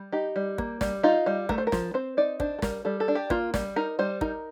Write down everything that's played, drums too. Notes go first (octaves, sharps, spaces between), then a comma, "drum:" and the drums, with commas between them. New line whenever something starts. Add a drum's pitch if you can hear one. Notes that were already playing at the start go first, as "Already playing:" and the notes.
Already playing: G3
D#4 G4
G3
A#3, drum: kick
G3, drum: snare
D#4 F4
G3
A3 A#4, drum: kick
C5
A#4
F3, drum: snare
C4 C5
D#4 D5
D4 C5, drum: kick
A4
G3 A#4, drum: snare
G3 A4
A4
D4
G4
A#3 F4, drum: kick
G3, drum: snare
D#4 A#4
G3 C5
D#4 A#4, drum: kick